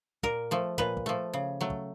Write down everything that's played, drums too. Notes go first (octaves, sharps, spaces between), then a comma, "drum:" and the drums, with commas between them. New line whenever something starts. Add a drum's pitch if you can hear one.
A#2 A#4, drum: kick
F3 A3
A#2 B4, drum: kick
drum: kick
F3 A3
C#3
F#3 A3
drum: kick